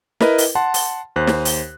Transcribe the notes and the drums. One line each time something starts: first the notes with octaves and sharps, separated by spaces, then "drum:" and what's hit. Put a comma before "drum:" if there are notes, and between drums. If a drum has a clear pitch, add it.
E4 A#4 B4 D#5, drum: snare
drum: open hi-hat
F#5 A5 C6
drum: open hi-hat
D#2 C5 F#6
drum: snare
drum: open hi-hat